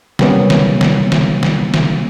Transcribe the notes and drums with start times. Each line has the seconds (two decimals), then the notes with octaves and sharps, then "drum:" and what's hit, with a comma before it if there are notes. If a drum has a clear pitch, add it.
0.19 C3 F#3 G3 A#3 B3 C#4, drum: snare
0.50 drum: snare
0.81 drum: snare
1.12 drum: snare
1.43 drum: snare
1.74 drum: snare